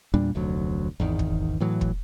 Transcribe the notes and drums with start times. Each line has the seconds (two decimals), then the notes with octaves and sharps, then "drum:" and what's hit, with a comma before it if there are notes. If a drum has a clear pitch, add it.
0.14 E2 A#2 G3 D4
0.35 F1 D2 F#3
1.00 G#1 E2 D#3
1.19 drum: kick
1.60 A2 E3 F#3
1.81 drum: kick